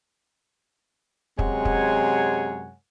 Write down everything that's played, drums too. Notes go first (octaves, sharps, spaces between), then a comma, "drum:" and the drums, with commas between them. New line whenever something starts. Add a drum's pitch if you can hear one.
F#2 C3 G#3 C#5 F#5 G#5, drum: kick
drum: kick